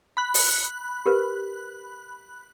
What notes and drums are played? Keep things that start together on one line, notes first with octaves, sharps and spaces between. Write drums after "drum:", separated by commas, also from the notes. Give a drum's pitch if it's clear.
B5 F#6
drum: open hi-hat
G4 A#4 B4